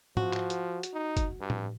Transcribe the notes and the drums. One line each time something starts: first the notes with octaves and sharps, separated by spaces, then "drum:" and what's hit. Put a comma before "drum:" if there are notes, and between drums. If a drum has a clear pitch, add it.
F3 F#4, drum: tom G#2
drum: clap
drum: hi-hat
drum: hi-hat
D#4
drum: kick, hi-hat
G2
drum: tom A2